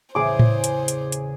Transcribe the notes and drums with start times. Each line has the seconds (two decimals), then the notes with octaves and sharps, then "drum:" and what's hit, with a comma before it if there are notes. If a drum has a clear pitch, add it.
0.15 E2 A2 C#3 G#4 C5 D6
0.39 drum: tom A2
0.64 drum: hi-hat
0.88 drum: hi-hat
1.12 drum: hi-hat